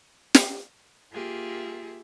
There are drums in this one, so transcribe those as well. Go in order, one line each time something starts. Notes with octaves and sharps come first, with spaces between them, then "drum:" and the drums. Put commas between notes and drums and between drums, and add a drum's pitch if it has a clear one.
drum: snare
A#3 F4 G4 G#4 E5